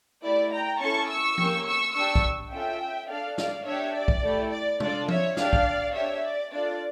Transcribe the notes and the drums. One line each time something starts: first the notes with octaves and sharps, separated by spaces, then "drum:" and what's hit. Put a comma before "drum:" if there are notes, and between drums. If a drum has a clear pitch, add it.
A3 E4 G4 D5
G5 A#5
C#4 E4 A4 A5 C#6
C#6 E6
A#3 C#4 G4, drum: tom F3
C#6 E6
D4 G4 C#6 E6
drum: kick
C#4 F4 A4 E5 G5
D4 A4 D5 F5
D5 F5, drum: snare
D4 G4 C#5 E5
D5
drum: kick
A3 E4 G4
D5
D4 F4 A4 D5, drum: tom
C#5 E5, drum: tom F3
D4 G4 D5 F5, drum: snare
drum: kick
D4 G4 C#5 E5
D5
D4 F4 A4 D5